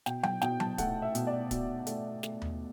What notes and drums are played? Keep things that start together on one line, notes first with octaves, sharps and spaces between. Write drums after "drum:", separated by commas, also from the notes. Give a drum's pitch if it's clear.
B2 G5, drum: snare
G5, drum: tom F#3
B2 G5, drum: snare
A5, drum: tom F#3
A3 F#5, drum: kick D1, hi-hat
E5
B2, drum: hi-hat
D5
B2, drum: kick D1, hi-hat
A3, drum: hi-hat
A3, drum: snare
drum: tom D#2